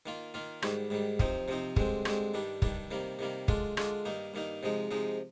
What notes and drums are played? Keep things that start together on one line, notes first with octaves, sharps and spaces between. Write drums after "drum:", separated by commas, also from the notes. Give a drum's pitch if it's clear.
D#3 A#3 F4
D#3 A#3 F4
G#2 D#3 G3, drum: rim click
G#2 D#3 G3
C3 F3 C4 D#4, drum: kick
C3 F3 C4 D#4
G2 D3 G#3 C4, drum: kick
G2 D3 G#3 C4, drum: rim click
G2 D#3 G3 D4
G2 D#3 G3 D4, drum: kick
C3 D#3 G3 A#3
C3 D#3 G3 A#3
D3 G#3 D4 F4, drum: kick
D3 G#3 D4 F4, drum: rim click
G2 D#3 A#3 D#4
G2 D#3 A#3 D#4
C3 F3 G#3 D#4
C3 F3 G#3 D#4